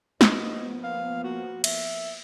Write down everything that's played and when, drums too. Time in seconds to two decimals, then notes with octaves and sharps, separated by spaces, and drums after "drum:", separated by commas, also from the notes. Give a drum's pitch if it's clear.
0.21 F3 A#3 B3 D#5, drum: snare
0.84 F5
1.24 F#4
1.64 E5, drum: cymbal